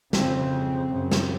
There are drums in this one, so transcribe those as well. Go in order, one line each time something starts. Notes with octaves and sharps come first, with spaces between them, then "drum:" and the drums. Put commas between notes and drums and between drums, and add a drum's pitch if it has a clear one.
F2 C#3 C4, drum: snare
F#2 C#3
drum: snare